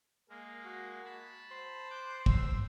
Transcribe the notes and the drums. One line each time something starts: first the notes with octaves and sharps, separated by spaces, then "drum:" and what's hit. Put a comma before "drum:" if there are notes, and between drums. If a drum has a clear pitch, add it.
G#3 A#3 A#4
F#4
A5 B5
C5
D6 F#6 G6
E6, drum: kick